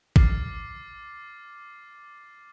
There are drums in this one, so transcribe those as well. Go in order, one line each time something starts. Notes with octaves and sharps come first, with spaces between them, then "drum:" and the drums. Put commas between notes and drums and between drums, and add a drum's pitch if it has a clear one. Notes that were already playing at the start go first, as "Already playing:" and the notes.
D6 F6 A6 C7, drum: kick